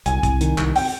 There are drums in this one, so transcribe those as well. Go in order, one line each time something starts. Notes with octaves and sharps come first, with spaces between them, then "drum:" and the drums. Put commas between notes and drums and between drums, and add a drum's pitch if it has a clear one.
C2 G#5, drum: hi-hat
C2, drum: kick, hi-hat
D#3, drum: hi-hat
C2, drum: clap
G5, drum: open hi-hat